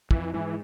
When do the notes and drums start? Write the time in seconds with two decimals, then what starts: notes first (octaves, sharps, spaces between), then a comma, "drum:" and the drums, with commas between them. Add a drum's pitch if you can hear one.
0.11 F2 E3, drum: kick
0.34 G#2 E3